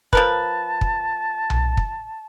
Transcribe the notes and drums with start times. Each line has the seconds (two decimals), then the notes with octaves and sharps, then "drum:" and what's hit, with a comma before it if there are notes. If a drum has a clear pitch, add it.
0.13 F3 A#4 B4 A5, drum: kick
0.81 drum: kick
1.50 drum: tom B1
1.77 drum: kick